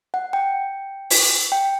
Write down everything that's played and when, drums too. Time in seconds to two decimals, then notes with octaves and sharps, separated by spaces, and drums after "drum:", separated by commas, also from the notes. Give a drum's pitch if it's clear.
0.14 F#5
0.33 G5
1.10 drum: open hi-hat
1.52 G5